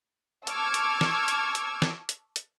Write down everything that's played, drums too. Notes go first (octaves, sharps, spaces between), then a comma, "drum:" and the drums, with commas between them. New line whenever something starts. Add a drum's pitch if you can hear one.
A5 C#6 D6 E6 F6 G#6, drum: hi-hat
drum: hi-hat
drum: snare
drum: hi-hat
drum: hi-hat
drum: snare
drum: hi-hat
drum: hi-hat